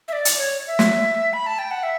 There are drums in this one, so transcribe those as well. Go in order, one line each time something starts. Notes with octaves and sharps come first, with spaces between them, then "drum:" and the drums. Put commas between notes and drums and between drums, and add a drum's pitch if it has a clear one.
E5
D5
drum: hi-hat
C#5
E5
drum: snare
B5
A5
G5
F#5
E5